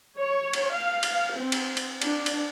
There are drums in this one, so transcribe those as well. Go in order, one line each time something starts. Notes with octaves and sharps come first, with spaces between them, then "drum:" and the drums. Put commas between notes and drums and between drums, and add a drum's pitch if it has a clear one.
C#5
drum: cymbal
F5
drum: cymbal
C4
drum: cymbal
drum: cymbal
D4, drum: cymbal
drum: cymbal